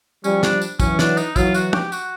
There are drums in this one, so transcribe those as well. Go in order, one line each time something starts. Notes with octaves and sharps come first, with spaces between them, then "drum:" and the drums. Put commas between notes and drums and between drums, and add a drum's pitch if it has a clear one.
F3 G3 C#4, drum: tambourine
D4, drum: snare
drum: tambourine
E3 F#3 C#4, drum: kick, tambourine
D4, drum: snare
D#4, drum: tambourine
E3 F#3 F4, drum: kick, tambourine
F#4, drum: tambourine
G4, drum: tom
F#4, drum: tambourine